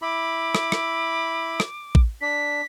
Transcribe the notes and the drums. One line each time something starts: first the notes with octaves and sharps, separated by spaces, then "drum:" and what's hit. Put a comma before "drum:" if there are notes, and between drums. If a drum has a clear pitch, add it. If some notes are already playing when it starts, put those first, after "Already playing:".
E4 B5 D6
drum: rim click
drum: rim click
drum: rim click
drum: kick
D4 B6